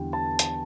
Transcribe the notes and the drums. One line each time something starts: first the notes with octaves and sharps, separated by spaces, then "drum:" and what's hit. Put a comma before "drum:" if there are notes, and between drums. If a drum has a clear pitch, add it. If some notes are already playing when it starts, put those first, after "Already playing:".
Already playing: E2 D3 G3 B3 G5
A5
drum: hi-hat